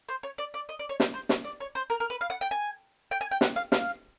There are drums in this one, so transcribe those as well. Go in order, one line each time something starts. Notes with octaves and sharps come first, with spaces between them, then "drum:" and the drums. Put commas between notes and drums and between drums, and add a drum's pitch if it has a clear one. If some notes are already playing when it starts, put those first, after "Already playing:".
C5
C#5
D5
D5
D#5
D5
C#5
C5, drum: snare
C5
C#5, drum: snare
D5
C#5
C5
A#4
A#4
B4
F5
F#5
G5
G#5
G5
G#5
G5
F#5, drum: snare
F5
F5, drum: snare